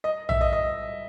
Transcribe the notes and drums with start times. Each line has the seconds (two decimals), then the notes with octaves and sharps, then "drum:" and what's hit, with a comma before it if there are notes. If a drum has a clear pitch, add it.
0.04 D#5
0.29 E5, drum: tom A#1
0.41 D#5
0.53 D#5